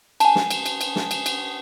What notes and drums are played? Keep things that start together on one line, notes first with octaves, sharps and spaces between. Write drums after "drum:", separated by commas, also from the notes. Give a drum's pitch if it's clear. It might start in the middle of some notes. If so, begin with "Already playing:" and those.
G#5 A5, drum: cymbal
drum: snare
drum: cymbal
drum: cymbal
drum: cymbal
drum: snare
drum: cymbal
drum: cymbal